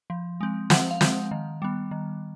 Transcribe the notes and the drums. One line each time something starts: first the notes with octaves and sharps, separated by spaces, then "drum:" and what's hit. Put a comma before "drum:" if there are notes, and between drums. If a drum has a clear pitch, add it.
F3
G#3 C4
F3 F#5, drum: snare
F5
G#3 C4, drum: snare
D#3
G3 B3
D#3